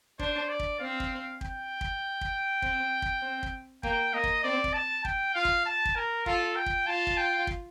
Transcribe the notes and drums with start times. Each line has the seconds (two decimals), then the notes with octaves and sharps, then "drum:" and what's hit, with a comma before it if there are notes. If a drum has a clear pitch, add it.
0.19 D4 C5, drum: kick
0.49 D5
0.59 drum: kick
0.80 C4 F5
1.00 drum: kick
1.41 G5, drum: kick
1.81 drum: kick
2.21 drum: kick
2.62 C4, drum: kick
3.02 drum: kick
3.22 C4
3.43 drum: kick
3.83 A#3 G5, drum: kick
4.13 A#3 D#5
4.24 drum: kick
4.43 C4 D5
4.64 drum: kick
4.74 A5
5.05 G5, drum: kick
5.34 F4 F5
5.45 drum: kick
5.66 A5
5.85 drum: kick
5.95 A#4
6.26 F4 A4, drum: kick
6.56 G5
6.66 drum: kick
6.86 F4 A5
7.07 drum: kick
7.18 G5
7.47 drum: kick